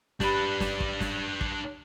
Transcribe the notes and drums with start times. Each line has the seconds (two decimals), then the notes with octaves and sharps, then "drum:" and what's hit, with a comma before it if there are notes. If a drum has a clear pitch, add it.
0.20 D4 G4 B4 B5, drum: snare
0.60 drum: snare
0.80 drum: kick
1.00 drum: snare
1.41 drum: kick